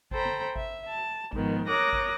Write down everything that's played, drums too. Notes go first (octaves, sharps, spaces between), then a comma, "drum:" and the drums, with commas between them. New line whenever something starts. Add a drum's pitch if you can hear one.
A4 C5 G5 A#5 B5, drum: kick G#1
drum: tom
E5, drum: kick G#1
A5
G#2 D#3 F3 B3, drum: kick G#1
A#4 C#5 D6 D#6 F#6 A#6
drum: kick G#1